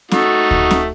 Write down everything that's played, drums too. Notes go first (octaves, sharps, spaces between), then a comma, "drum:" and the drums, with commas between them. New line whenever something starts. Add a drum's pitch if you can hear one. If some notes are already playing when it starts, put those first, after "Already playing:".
A3 D#4 F#4, drum: snare
drum: kick D2
drum: snare